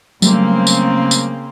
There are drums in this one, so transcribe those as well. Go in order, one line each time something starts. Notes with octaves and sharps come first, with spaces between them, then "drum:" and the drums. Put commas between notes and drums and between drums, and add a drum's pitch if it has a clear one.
C#3 F#3 G3 A3 A#3 C4, drum: tambourine
drum: tambourine
drum: tambourine